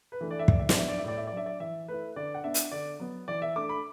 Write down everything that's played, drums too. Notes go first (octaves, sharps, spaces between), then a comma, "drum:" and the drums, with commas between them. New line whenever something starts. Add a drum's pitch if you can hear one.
B4
E3 A3 D4
D5
E5
A2 D5, drum: kick
E5
D5, drum: snare
F#3 B3 D4 E5
D5
E5
A2 D5
E5
D5
F#3 D4 E5
D5
E3 E5
A3 E4 B4
D3 D5
F#5
B3 D4 E5
drum: hi-hat
D3 D5
F#3 B3
E3 D5
E5
A3 D4 D6
B5